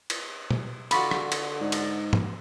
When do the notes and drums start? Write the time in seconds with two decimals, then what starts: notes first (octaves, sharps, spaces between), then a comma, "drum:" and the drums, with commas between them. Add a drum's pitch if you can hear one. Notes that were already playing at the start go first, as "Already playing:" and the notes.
0.10 drum: cymbal
0.50 drum: tom
0.91 D3 F4 F#4 B5, drum: cymbal
1.11 drum: rim click
1.32 drum: cymbal
1.61 G#2
1.72 drum: cymbal
2.13 drum: tom